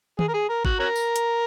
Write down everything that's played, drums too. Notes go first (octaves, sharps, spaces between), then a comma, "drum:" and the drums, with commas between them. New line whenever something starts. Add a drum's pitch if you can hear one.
G#4, drum: tom D#3
A#4
G#4
A#4
F#4, drum: kick
C#4 F#4 A#4
drum: tambourine
drum: hi-hat